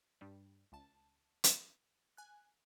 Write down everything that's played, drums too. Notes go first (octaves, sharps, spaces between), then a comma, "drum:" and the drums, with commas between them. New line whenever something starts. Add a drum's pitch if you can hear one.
G2 G3
C#2 A5
drum: hi-hat
G#5 F#6